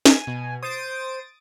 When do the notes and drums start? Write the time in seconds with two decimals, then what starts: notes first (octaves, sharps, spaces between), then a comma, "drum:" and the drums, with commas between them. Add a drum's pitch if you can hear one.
0.06 G#5, drum: snare
0.27 B2
0.63 C5 D#6 A6 D7